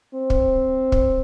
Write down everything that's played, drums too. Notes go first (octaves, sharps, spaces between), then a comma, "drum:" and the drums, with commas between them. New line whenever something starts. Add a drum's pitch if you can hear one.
C4
drum: kick
drum: kick